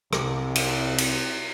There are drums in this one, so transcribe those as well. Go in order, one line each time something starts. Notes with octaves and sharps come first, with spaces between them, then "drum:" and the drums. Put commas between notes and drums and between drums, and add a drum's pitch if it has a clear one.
C2 C3, drum: rim click
drum: cymbal
drum: cymbal